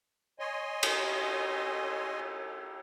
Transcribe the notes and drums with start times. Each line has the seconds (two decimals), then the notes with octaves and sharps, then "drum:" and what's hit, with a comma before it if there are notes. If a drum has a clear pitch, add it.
0.39 C#5 D#5 G#5 C6
0.83 drum: cymbal